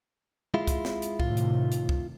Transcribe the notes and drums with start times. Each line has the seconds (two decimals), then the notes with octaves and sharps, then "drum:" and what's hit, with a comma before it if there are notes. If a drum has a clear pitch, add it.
0.54 G#3 E4 F4
0.67 drum: kick C2, hi-hat
0.85 drum: snare
1.02 drum: hi-hat
1.20 A2 C3 D#3 F4, drum: kick C2
1.37 drum: hi-hat
1.72 drum: hi-hat
1.89 drum: kick C2